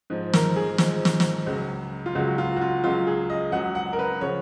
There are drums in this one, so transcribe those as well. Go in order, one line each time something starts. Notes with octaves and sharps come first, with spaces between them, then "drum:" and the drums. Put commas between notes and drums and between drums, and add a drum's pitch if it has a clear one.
G#2 F3
A#4, drum: snare
G#4
G#2 F3, drum: snare
drum: snare
drum: snare
C#2 C#3 F#3
F4
C#2 C#3 F#3 F#4
F4
F#4
F4
C#2 C#3 F#3 F4
G#4
D#5
C#2 C#3 F#3 F#5
F#5
A#4
B4
C#3 F3 C#5